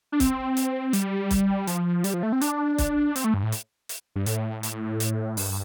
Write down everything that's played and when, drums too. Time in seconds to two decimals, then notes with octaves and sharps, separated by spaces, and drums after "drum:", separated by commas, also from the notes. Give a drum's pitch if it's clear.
0.12 D4
0.20 C4, drum: kick, hi-hat
0.57 drum: hi-hat
0.93 G3, drum: hi-hat
1.31 drum: kick, hi-hat
1.67 F3, drum: hi-hat
2.04 G3, drum: hi-hat
2.14 F3
2.23 A3
2.33 C4
2.41 D4, drum: hi-hat
2.78 drum: kick, hi-hat
3.16 C4, drum: hi-hat
3.24 A3
3.34 G2
3.43 A2
3.52 drum: hi-hat
3.89 drum: hi-hat
4.16 G2
4.26 A2, drum: hi-hat
4.63 drum: hi-hat
5.00 drum: hi-hat
5.37 G2, drum: open hi-hat